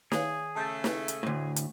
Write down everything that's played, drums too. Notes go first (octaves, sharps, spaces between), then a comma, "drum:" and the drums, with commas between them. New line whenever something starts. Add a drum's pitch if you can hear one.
D#3 G#4 C#5 F5, drum: snare
C#3 A3 A5 G6 A6
drum: snare
drum: hi-hat
D2 A2
drum: hi-hat